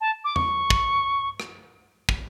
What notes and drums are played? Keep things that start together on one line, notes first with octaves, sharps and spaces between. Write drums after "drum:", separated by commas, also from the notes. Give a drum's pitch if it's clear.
A5
D6
C#6, drum: tom E2
drum: kick
drum: rim click
drum: kick